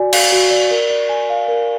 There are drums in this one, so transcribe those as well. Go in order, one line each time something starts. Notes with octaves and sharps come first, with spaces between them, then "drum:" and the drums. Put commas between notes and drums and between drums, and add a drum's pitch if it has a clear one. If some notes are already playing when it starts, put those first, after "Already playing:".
Already playing: F#4 D5 G#5
F5, drum: cymbal
F#4
D5
A#4
D5
G#5
F5
A#4